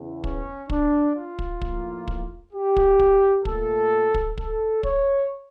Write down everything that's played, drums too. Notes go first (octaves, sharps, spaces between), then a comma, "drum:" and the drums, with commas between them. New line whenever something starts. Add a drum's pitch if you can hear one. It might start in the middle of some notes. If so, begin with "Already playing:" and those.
Already playing: E2 C#3 E3
C#4, drum: kick
D4, drum: kick
F4
drum: kick
A2 F3 A#3, drum: kick
drum: kick
G4
drum: kick
drum: kick
A#2 A3 A4, drum: kick
drum: kick
A4, drum: kick
C#5, drum: kick